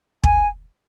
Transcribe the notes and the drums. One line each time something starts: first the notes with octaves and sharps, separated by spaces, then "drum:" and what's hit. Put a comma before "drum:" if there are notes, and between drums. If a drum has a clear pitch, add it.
G#5, drum: kick